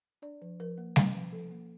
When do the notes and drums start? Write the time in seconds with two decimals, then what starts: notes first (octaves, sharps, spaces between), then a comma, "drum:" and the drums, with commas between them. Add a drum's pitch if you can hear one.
0.22 D4 D5
0.42 F3
0.60 F3 A#4
0.78 A#3
0.96 C#4, drum: snare
1.15 F3
1.32 F3 A4
1.51 A#3